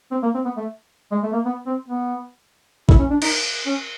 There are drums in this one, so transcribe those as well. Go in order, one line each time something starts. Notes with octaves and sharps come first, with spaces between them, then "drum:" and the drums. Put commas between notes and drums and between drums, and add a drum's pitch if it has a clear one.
C4
A#3
C4
B3
A3
G#3
A3
A#3
B3
C4
B3
E4, drum: kick
C#4
D4
D#4, drum: cymbal
C#4